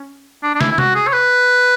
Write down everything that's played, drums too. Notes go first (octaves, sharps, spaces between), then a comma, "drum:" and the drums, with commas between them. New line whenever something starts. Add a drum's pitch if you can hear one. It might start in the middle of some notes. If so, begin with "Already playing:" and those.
Already playing: C#4
D4
D4
E4, drum: snare
E4
F#4, drum: tom C3
G#4
C#5
B4